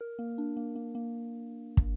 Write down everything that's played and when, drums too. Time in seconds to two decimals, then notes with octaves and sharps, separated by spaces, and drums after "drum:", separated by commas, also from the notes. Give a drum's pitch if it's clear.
0.01 A#4
0.19 A#3
0.38 D4
0.57 A#3
0.76 A#3
0.95 A#3
1.77 drum: kick